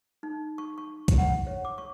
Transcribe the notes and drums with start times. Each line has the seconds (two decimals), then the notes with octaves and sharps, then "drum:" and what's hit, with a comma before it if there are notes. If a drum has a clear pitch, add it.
0.23 D#4
0.58 C#6
0.78 C#6
1.08 drum: kick, hi-hat
1.18 F#5
1.47 C#5
1.65 D6
1.78 C#6